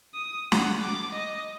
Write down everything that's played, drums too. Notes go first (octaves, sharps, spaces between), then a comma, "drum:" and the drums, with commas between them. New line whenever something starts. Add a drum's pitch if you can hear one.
D#6
F#5, drum: snare
D6
D#5